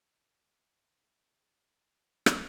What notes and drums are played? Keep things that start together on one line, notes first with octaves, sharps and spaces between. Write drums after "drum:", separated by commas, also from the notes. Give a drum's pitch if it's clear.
A#4 F5
B4
B4
F5
drum: rim click